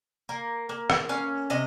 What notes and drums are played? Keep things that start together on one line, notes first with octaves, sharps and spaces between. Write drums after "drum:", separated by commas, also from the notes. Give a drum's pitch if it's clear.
A#3
A#3
drum: rim click
C#4 F5
C3 D#5